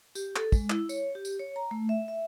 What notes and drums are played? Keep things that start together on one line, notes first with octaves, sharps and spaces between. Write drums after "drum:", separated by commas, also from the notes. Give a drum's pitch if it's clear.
G4, drum: tambourine
A4, drum: clap
G#3, drum: kick, tambourine
E4, drum: clap
C#5, drum: tambourine
G4
drum: tambourine
C#5
A#5
A3
E5
E5